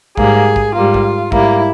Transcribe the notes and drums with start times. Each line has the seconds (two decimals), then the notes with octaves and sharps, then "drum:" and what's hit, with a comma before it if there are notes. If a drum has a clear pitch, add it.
0.17 G#2 G3 A#3 G#4, drum: kick A1
0.56 drum: kick A1
0.75 G#2 G3 A#3 F4
0.94 drum: kick A1
1.32 G#2 G3 A#3 E4, drum: kick A1